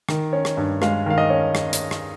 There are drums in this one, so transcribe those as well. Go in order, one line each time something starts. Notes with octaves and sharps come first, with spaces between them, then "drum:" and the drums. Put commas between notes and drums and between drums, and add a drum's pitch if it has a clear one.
D#3, drum: rim click
C#4
drum: rim click
G2
G#3 F5, drum: rim click
D#3 F5
D#5
C#4
drum: rim click
drum: hi-hat
drum: rim click